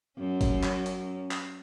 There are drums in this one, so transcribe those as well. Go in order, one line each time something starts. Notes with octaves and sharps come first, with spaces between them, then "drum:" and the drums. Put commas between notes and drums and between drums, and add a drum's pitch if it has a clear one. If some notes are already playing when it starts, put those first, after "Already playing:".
F#2 C#4
drum: kick G1, hi-hat
drum: clap
drum: hi-hat
drum: clap